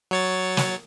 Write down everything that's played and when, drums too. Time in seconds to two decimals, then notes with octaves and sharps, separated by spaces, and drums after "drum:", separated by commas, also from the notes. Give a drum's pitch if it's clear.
0.11 F#3 C#5 A6
0.57 drum: snare